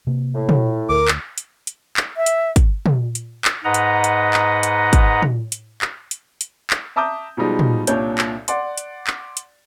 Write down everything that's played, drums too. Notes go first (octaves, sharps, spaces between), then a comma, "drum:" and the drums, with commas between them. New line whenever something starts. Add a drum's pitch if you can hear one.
C3 A#3
A2
drum: tom
D2 A#4 D6
drum: clap
drum: hi-hat
drum: hi-hat
drum: clap
E5
drum: hi-hat
drum: kick, hi-hat
drum: tom
drum: hi-hat
drum: clap
G#2 B4 D#5 F#5 A#5
drum: hi-hat
drum: hi-hat
drum: clap
drum: hi-hat
drum: kick, hi-hat
drum: tom
drum: hi-hat
drum: clap
drum: hi-hat
drum: hi-hat
drum: clap
E5 A5 A#5 D6 D#6 G6
B2 F3 G3 G#3 D#4
drum: tom
C2 A#2 D4 C#5 G6, drum: hi-hat
drum: clap
D5 F#5 C6, drum: hi-hat
drum: hi-hat
drum: clap
drum: hi-hat